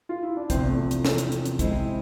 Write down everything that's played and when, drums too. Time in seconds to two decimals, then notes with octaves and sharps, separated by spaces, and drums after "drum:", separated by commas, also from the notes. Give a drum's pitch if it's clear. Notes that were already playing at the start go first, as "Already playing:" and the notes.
0.09 F4
0.23 E4
0.37 D4
0.50 E2 C3 F3 C4, drum: kick, hi-hat
0.69 A3
0.91 drum: hi-hat
1.05 drum: snare
1.18 drum: hi-hat
1.32 drum: hi-hat
1.46 drum: hi-hat
1.59 C3 G#3 C4 E4, drum: kick, hi-hat
1.78 E4